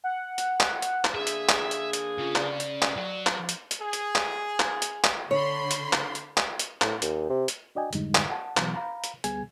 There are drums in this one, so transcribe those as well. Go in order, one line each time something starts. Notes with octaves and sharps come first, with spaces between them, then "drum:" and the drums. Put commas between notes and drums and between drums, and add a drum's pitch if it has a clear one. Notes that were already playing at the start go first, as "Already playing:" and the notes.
F#5
drum: hi-hat
drum: clap
drum: hi-hat
drum: clap
D3 A#3 G#4 E5
drum: hi-hat
drum: clap
drum: hi-hat
drum: hi-hat
C#3 F4
D5, drum: clap
drum: hi-hat
drum: clap
F#3
drum: clap
drum: hi-hat
drum: hi-hat
G#4
drum: hi-hat
drum: clap
drum: clap
drum: hi-hat
drum: clap
D3 C#5 B5 C6
drum: hi-hat
drum: clap
drum: hi-hat
drum: clap
drum: hi-hat
A2, drum: clap
D#2, drum: hi-hat
C3
drum: hi-hat
D4 F#4 D5 D#5 G5 G#5
F2 G#2 D3 G3 G#3 D#4, drum: hi-hat
drum: clap
F#5 A5
B2 E3 F#3 B3, drum: clap
F5 A#5 B5
drum: hi-hat
D2 G3 B3 G#4 G#5 G#6, drum: hi-hat